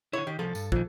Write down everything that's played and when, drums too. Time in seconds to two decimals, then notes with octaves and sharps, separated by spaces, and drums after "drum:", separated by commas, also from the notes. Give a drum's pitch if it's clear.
0.13 D3 E4 C#5
0.27 D#3 G4
0.39 C2 F3 A4
0.55 G2, drum: tambourine
0.72 A#2 D#3 F3, drum: kick